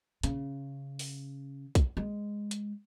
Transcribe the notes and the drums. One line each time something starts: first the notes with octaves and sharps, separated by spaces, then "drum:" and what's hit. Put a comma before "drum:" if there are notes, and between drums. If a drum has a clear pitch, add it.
C#3, drum: hi-hat
drum: open hi-hat
drum: kick, hi-hat
G#3
drum: hi-hat